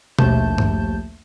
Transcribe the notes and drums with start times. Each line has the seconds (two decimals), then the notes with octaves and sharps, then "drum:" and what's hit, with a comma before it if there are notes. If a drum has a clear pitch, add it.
0.19 A#1 D#2 F3 A3 A5 G6, drum: tom B2
0.58 drum: tom G2